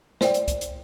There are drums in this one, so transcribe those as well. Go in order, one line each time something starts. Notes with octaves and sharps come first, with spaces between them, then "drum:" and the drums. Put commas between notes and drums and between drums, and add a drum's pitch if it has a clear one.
C5 D5 G5, drum: snare
drum: hi-hat
drum: kick, hi-hat
drum: hi-hat